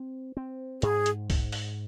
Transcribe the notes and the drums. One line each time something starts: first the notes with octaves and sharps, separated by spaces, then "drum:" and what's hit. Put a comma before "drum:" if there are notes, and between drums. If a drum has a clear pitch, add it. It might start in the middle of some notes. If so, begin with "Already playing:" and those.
Already playing: C4
C4
G#2 G#4, drum: hi-hat
drum: hi-hat
G#2, drum: kick B1, open hi-hat
drum: open hi-hat